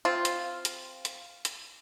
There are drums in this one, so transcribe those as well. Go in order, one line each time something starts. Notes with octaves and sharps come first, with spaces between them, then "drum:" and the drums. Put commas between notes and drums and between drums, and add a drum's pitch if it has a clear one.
C4 F4
drum: hi-hat
drum: hi-hat
drum: hi-hat
drum: hi-hat